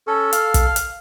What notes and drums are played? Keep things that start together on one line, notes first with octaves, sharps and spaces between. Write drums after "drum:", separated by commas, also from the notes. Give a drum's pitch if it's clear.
C#4 A4
F5, drum: hi-hat
drum: kick, hi-hat
drum: hi-hat